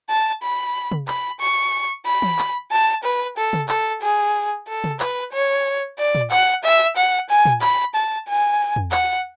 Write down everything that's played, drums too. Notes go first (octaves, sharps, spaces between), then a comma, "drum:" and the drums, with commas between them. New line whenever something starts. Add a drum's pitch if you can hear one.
A5
B5
drum: tom
B5, drum: clap
C#6
B5
drum: tom
drum: clap
A5
B4
A4
drum: tom
A4, drum: clap
G#4
A4
drum: tom
B4, drum: clap
C#5
D5
drum: tom
F#5, drum: clap
E5
F#5
G#5
drum: tom
B5, drum: clap
A5
G#5
drum: tom
F#5, drum: clap